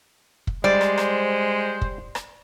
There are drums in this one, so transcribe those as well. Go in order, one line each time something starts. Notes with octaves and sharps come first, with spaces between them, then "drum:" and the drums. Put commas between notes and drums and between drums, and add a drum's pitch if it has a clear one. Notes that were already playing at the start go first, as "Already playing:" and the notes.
drum: kick
G3 G#3 C5 D5
drum: rim click
drum: rim click
drum: kick
drum: rim click